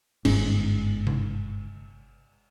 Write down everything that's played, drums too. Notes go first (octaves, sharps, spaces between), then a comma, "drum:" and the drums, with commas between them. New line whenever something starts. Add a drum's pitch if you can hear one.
G1 G#2 C#4, drum: cymbal
drum: tom C3